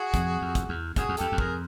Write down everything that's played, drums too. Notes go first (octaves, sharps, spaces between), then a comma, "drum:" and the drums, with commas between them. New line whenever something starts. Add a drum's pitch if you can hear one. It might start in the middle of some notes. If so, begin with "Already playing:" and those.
Already playing: F#4 G#4
F2, drum: kick, hi-hat
F2
drum: kick, hi-hat
E2
F#2 F#4 G#4, drum: kick, hi-hat
F2
E2 G4 A4, drum: hi-hat
F2
G#4 A#4, drum: kick